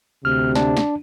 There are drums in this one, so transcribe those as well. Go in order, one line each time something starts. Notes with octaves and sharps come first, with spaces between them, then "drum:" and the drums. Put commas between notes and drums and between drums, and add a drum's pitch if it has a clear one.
D2 C3 F6
D4, drum: snare
drum: snare